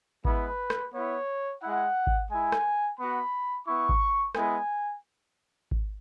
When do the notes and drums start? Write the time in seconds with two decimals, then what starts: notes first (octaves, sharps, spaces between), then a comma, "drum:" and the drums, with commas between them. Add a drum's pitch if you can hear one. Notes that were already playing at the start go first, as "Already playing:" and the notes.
0.25 G#3 B3 E4 B4, drum: kick G#1
0.70 drum: rim click
0.93 B3 E4 C#5
1.61 G#3 E4 F#5
2.07 drum: kick G#1
2.30 G#3 E4 G#5
2.52 drum: rim click
2.98 B3 F#4 B5
3.66 B3 E4 C#6
3.89 drum: kick G#1
4.35 G#3 B3 E4 G#5, drum: rim click
5.71 drum: kick G#1